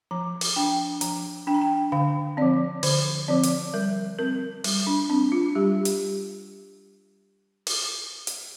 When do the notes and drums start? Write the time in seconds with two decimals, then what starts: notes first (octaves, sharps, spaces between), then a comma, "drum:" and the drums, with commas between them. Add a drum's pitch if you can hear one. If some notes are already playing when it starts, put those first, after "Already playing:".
0.11 F3 A#5
0.41 drum: open hi-hat
0.56 D4 G5
1.01 F3 A#5, drum: hi-hat
1.47 D4 G5
1.55 A#5
1.61 G5
1.92 D3 F5
2.37 F3 C4 D5
2.83 D3 C5, drum: open hi-hat
3.28 F3 C4 D5
3.43 drum: hi-hat
3.73 G3 A#4
4.19 C4 A#4
4.64 G3, drum: open hi-hat
4.87 D4
5.09 C4 D4
5.32 F4
5.55 G3 G4
5.85 drum: hi-hat
7.67 drum: open hi-hat
8.27 drum: hi-hat